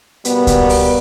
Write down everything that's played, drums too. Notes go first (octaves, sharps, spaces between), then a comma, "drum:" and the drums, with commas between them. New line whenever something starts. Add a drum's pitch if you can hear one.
B2 G3 A#3 B3, drum: hi-hat
drum: kick C#2, hi-hat
drum: open hi-hat